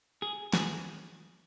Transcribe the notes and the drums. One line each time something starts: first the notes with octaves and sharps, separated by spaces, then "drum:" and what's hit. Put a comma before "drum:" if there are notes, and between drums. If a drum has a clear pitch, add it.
G#4
G#4, drum: snare